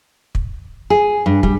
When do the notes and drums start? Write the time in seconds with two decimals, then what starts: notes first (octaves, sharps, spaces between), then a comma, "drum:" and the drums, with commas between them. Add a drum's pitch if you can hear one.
0.35 drum: kick
0.90 G#4
1.26 G2
1.43 G3, drum: kick